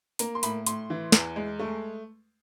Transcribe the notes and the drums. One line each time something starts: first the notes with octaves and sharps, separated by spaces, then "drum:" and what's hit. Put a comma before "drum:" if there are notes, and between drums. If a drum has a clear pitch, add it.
A#3 A#5, drum: hi-hat
C6
A2 B5, drum: hi-hat
A2 C6, drum: hi-hat
E3
E2, drum: snare
G#3
A3